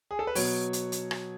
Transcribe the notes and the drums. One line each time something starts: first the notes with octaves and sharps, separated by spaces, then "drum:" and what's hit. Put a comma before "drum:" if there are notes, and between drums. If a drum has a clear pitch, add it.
G#4
A4
B4
B2 F#3 C#5, drum: open hi-hat
drum: hi-hat
drum: hi-hat
drum: rim click